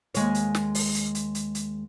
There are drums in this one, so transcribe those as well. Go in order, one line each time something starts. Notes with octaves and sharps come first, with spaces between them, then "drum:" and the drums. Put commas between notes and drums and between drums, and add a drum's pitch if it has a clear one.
D#2 G#3 C#5, drum: hi-hat
drum: hi-hat
drum: snare
drum: open hi-hat
drum: hi-hat
drum: hi-hat
drum: hi-hat
drum: hi-hat